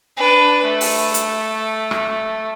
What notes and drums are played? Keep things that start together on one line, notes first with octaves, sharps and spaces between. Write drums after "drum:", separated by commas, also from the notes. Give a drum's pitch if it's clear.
D4 B4
A3
drum: open hi-hat
drum: hi-hat
drum: rim click